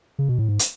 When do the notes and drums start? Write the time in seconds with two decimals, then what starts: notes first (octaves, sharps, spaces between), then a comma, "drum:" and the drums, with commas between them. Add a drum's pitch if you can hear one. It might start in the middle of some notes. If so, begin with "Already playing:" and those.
0.19 C#3
0.29 B2
0.39 A2
0.49 G#2
0.59 drum: hi-hat